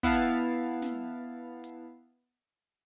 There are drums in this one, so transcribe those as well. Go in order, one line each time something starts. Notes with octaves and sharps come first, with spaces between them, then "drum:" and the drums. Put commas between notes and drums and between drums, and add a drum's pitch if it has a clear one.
B3 E4 F5 F#5 A5, drum: kick
drum: snare
drum: hi-hat